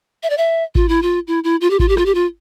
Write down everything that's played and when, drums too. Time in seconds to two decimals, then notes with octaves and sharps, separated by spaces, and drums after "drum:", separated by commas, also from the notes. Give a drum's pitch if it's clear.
0.23 E5
0.30 D5
0.38 E5
0.75 F4, drum: kick G#1
0.89 E4
1.02 F4
1.27 E4
1.44 E4
1.61 F4
1.70 G4
1.79 F4, drum: kick G#1
1.88 G4
1.97 F4, drum: rim click
2.06 G4
2.15 F4